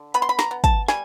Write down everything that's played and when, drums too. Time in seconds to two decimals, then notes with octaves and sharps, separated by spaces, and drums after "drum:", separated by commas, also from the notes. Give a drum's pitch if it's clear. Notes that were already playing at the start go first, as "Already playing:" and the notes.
Already playing: D3
0.14 B3 B5, drum: hi-hat
0.22 C6
0.29 B5
0.39 A#5, drum: snare
0.51 B3
0.64 A5, drum: kick, hi-hat
0.88 G3 G#5, drum: snare